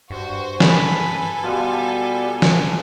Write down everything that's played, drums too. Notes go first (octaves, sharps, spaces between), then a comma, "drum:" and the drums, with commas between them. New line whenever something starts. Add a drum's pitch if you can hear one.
G2 F#4 C5
A4 B4 G#5, drum: snare
B2 G3 F4
drum: snare